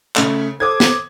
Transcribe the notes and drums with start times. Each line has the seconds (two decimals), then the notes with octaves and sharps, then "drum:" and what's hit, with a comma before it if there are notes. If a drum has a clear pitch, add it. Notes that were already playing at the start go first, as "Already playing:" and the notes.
0.16 C#3 A3 C#4, drum: clap
0.60 A4 C5 D6 D#6 G#6
0.80 drum: snare